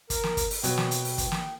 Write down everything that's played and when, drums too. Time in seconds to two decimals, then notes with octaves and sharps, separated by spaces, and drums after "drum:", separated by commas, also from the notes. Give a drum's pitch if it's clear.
0.10 A#4, drum: kick, hi-hat
0.23 drum: snare
0.37 drum: kick, hi-hat
0.50 drum: open hi-hat
0.64 B2 F#3 G5, drum: hi-hat
0.77 drum: snare
0.91 drum: hi-hat
1.05 drum: open hi-hat
1.18 drum: kick, hi-hat
1.32 drum: snare